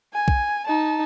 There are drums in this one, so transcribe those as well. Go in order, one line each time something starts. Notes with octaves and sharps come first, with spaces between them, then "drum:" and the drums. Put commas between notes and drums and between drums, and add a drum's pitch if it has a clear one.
G#5
drum: kick B1
D#4 A5